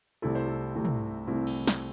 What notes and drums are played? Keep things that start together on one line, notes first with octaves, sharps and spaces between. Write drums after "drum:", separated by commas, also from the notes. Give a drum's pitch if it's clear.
C2 C3 A3 C4 E4 A4
C5
A4
C2 C3 A3 C4 E4
drum: tom
C2 C3 A3 C4 E4
drum: cymbal
drum: snare